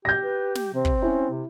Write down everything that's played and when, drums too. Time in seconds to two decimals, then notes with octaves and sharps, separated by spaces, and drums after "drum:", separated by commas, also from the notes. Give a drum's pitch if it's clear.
0.05 G4 G6 A#6
0.23 B4
0.55 drum: snare
0.74 C3 C4
0.85 drum: kick
1.02 C#4 E4
1.30 C3